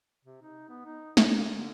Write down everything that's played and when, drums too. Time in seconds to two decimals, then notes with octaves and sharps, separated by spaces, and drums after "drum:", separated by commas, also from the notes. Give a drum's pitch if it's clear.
0.25 C3
0.42 D#4
0.69 B3
0.85 D#4
1.17 F#3, drum: snare
1.31 A#3
1.54 D3